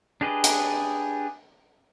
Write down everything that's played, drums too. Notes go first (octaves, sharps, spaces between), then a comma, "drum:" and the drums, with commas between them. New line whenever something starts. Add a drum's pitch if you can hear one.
D4 G4 G#4 B4 D#5
drum: hi-hat